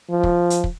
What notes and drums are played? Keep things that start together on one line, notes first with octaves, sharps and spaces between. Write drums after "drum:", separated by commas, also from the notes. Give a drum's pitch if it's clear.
F3
drum: kick
drum: hi-hat
drum: kick